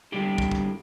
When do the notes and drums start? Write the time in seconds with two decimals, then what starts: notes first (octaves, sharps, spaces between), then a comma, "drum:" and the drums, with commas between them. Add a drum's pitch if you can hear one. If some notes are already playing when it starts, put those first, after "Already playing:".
0.12 D3 G3 E4 G4
0.38 drum: kick
0.51 drum: kick